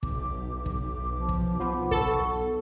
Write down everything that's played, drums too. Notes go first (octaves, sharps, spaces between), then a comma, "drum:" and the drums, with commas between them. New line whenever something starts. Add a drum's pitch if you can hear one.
B1 D6, drum: kick
drum: kick
F3
drum: kick
F3 B3
A4 C#6, drum: kick